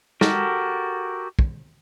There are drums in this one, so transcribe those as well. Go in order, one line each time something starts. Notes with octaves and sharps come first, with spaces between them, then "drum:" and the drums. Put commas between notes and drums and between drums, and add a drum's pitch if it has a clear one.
F#4 G4 A4 A#4, drum: snare
drum: kick